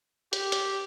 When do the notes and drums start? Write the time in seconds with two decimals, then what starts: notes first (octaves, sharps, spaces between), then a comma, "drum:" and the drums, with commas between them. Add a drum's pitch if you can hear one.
0.33 G4, drum: hi-hat
0.52 drum: hi-hat